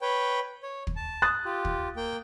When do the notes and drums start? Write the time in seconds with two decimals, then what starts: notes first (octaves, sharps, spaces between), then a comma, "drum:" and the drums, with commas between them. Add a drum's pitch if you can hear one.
0.01 B4 C#5 G5
0.63 C#5
0.87 drum: kick
0.96 A5
1.22 D#6 F#6 A6
1.45 F4 G4
1.65 drum: kick
1.97 A#3 G5